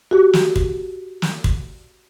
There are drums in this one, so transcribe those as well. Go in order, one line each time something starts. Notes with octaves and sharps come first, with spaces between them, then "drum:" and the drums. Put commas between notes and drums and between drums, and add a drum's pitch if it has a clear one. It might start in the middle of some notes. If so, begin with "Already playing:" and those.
F#4 G4
drum: snare
drum: kick
drum: snare
drum: kick